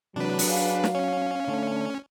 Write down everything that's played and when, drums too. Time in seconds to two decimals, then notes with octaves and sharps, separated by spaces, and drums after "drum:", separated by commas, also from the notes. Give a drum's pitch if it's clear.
0.16 C3 E3 F#3 G#3 D4 B4
0.39 drum: open hi-hat
0.48 G#4 F5
0.84 drum: snare
0.95 C#4 C#5
1.48 D3 A3 D4 C#5